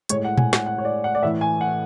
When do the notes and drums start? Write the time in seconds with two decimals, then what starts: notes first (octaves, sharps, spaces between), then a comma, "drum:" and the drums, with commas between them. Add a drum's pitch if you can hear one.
0.09 A2 G#3 C#5, drum: hi-hat
0.24 F#5
0.38 G#5, drum: tom A#2
0.53 F#5, drum: snare
0.66 F#5
0.78 C#5
0.85 D5
1.04 F#5
1.15 D5
1.22 A2 E3 A3 E5
1.41 G#5
1.61 F#5